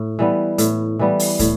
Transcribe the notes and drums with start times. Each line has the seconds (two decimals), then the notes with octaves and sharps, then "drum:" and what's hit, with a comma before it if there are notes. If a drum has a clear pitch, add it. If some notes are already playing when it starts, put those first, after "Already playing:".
Already playing: A2
0.19 E3 G3 B3
0.58 A2, drum: hi-hat
0.99 E3 G3 B3
1.19 drum: open hi-hat
1.39 A2, drum: kick, hi-hat